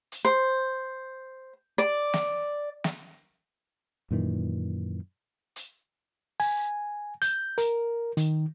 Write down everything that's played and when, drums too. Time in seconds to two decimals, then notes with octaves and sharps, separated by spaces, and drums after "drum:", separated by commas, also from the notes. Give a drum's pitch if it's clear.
0.12 drum: hi-hat
0.25 C5
1.78 D5
2.14 drum: snare
2.84 drum: snare
4.11 F#2 A#2 D#3 E3
5.56 drum: hi-hat
6.40 G#5, drum: open hi-hat
7.22 G6, drum: hi-hat
7.58 A#4, drum: hi-hat
8.17 D#3, drum: hi-hat